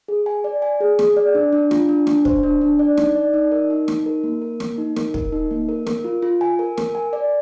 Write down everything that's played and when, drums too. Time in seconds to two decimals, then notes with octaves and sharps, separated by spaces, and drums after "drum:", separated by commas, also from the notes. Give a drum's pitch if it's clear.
0.08 G#4
0.26 G#5
0.44 D5
0.62 G#5
0.81 G#4
0.99 G#4, drum: snare
1.17 D5
1.35 D4
1.53 D4
1.71 F4, drum: snare
1.89 D4
2.07 D4, drum: snare
2.25 C5, drum: kick
2.43 D4
2.61 D4
2.79 D5
2.97 D#4, drum: snare
3.15 D5
3.34 D#4
3.52 A#4
3.70 D#4
3.88 D#4, drum: snare
4.06 A#4
4.24 A#3
4.42 A#4
4.60 A#3, drum: snare
4.78 D#4
4.96 A#4, drum: snare
5.14 A#4, drum: kick
5.32 D#4
5.51 A#3
5.69 A#4
5.86 A#4, drum: snare
6.04 F4
6.22 F4
6.41 G#5
6.59 A#4
6.77 A#4, drum: snare
6.95 G#5
7.13 D5